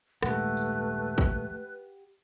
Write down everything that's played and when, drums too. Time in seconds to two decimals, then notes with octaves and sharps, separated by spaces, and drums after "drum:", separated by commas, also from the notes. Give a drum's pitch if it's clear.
0.23 A#1 D#2 G#2 A3 G4 B4 F#5, drum: rim click
0.57 drum: tambourine
1.18 drum: kick